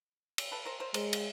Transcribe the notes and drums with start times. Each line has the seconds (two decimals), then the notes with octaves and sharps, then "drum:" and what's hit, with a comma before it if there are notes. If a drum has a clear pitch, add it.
0.38 drum: cymbal
0.51 A4 B4
0.66 A#4 C5
0.80 A#4 C5
0.94 G#3 A#4 C5, drum: cymbal
1.13 drum: cymbal